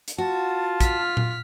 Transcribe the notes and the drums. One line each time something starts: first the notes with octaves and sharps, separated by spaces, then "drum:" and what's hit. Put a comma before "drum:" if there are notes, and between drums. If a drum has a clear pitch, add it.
drum: hi-hat
F4 F#4 A5
F6 B6, drum: kick, hi-hat
drum: tom A#2